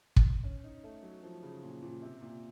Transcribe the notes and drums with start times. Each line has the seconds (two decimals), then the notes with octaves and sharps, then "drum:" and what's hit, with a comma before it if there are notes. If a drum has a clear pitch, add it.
0.16 drum: kick
0.43 C#4
0.64 D#4
0.84 A3
1.03 F#3
1.23 F3
1.43 C#3
1.63 A#2
1.82 A#2
2.02 C3
2.22 A#2